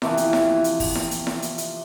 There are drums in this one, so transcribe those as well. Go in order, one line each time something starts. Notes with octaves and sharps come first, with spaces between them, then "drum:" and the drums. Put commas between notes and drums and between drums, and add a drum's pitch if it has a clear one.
C3 E3 F3, drum: snare E4
drum: hi-hat
drum: snare E4
drum: hi-hat
drum: kick, open hi-hat
drum: snare E4
drum: hi-hat
drum: snare E4
drum: hi-hat
drum: hi-hat